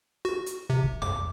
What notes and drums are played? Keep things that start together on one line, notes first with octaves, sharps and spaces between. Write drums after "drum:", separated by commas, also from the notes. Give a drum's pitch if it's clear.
F#4
drum: hi-hat
C3
drum: kick
D6, drum: tom F2